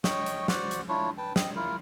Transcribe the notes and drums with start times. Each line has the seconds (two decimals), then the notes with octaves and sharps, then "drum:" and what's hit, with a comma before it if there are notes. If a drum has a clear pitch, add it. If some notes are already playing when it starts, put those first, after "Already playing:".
0.04 C#5 D#5 G5 C#6, drum: snare
0.26 drum: hi-hat
0.48 F#4 C5 D5 F#5, drum: snare
0.71 drum: hi-hat
0.89 D4 E4 F4 C#5
1.18 B4 G5 A5
1.36 C4 D#5, drum: snare
1.56 E4 F4 A#4